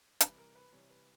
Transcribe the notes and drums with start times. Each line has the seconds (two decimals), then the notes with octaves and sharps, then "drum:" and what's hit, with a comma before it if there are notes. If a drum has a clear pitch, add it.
0.20 C3 E3 G3 B4, drum: hi-hat
0.38 A#4
0.55 B4
0.72 C3 E3 G3 C#5
0.90 B4